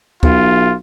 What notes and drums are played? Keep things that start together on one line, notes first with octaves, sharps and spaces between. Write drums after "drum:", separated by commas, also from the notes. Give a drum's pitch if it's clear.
B1 F4, drum: kick